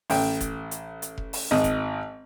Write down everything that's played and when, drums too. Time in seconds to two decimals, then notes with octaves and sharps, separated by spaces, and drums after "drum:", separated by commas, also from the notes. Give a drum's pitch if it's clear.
0.10 A1 G5, drum: open hi-hat
0.40 drum: kick F1, hi-hat
0.71 drum: hi-hat
1.02 drum: hi-hat
1.18 drum: kick F1
1.33 drum: open hi-hat
1.51 G#1 D#5
1.64 drum: kick F1, hi-hat